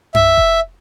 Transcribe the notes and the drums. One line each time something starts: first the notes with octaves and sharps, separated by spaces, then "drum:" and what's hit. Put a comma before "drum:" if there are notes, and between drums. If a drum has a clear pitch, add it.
E5, drum: tom F#2
drum: kick F1